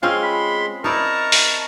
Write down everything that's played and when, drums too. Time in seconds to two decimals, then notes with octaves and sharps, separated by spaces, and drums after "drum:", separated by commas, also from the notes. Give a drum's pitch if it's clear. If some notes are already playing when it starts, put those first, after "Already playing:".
0.03 G#3 C4 C#4 F4 F5 C6
0.23 B5
0.84 D#4 E4 A#4 D5 A5 A#5 C#6
1.32 drum: open hi-hat